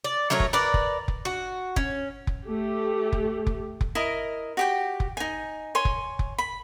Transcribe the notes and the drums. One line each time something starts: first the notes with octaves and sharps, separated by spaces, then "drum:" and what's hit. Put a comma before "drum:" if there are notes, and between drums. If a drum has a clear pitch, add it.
D5
F#3 A3 A#4 C#5
drum: kick F1
A#4 B4 D5
drum: kick F1
drum: kick F1
F#4
C#4, drum: kick F1
drum: kick F1
A3 G4
drum: kick F1
drum: kick F1
drum: kick F1
E4 A#4 D#5
F#4 G4 G5
drum: kick F1
D#4 G#5
C#5 G#5 C6
drum: kick F1
drum: kick F1
B5